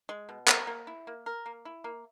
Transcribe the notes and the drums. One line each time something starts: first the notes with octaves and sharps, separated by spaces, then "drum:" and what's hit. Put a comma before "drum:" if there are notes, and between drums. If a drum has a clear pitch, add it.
G#3
B2
A#4, drum: clap
A#3
E4
A#3
A#4
A#3
E4
A#3